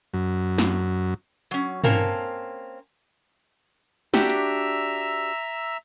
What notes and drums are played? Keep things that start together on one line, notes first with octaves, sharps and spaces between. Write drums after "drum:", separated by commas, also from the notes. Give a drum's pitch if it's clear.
F#2
drum: snare
F#3 C#4
A#3 C4 C#4 A#4 A5, drum: tom
D4 F#4 G4 E5 A#5 E6, drum: snare
drum: hi-hat